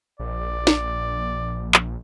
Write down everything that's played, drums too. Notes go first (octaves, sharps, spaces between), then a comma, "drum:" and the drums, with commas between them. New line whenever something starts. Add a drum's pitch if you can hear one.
A#1 D5
drum: snare
drum: clap